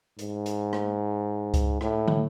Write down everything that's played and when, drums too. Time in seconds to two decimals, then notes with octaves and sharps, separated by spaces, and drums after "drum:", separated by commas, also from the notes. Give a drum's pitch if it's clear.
0.19 G#2, drum: hi-hat
0.46 drum: hi-hat
0.73 drum: rim click
1.54 drum: kick C#2, hi-hat
1.81 A2, drum: rim click
2.08 drum: tom